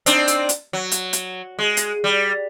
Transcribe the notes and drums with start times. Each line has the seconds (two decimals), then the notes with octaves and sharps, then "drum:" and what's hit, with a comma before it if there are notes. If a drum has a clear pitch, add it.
0.06 C4 D4 D#4, drum: hi-hat
0.28 drum: hi-hat
0.49 drum: hi-hat
0.73 F#3
0.91 drum: hi-hat
1.13 drum: hi-hat
1.59 G#3
1.77 drum: hi-hat
2.04 G3